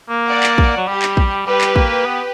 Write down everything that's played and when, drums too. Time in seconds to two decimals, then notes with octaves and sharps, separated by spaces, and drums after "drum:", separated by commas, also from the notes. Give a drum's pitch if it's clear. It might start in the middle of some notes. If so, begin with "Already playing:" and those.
0.09 A#3
0.28 D5 F#5
0.43 drum: clap
0.58 drum: kick
0.77 F#3
0.88 G3 G4
1.02 drum: clap
1.17 drum: kick
1.46 G3 G4 B4
1.61 drum: clap
1.76 A#3, drum: kick
2.05 B3